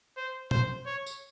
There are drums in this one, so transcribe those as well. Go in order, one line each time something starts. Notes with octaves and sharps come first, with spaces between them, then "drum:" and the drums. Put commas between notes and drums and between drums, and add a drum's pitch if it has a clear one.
C5
C5, drum: tom
C#5
drum: tambourine